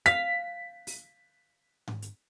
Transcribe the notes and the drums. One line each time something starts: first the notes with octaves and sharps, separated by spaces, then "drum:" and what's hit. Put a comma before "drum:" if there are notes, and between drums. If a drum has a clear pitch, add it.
F5 B6, drum: hi-hat
drum: open hi-hat
drum: tom G#2
drum: hi-hat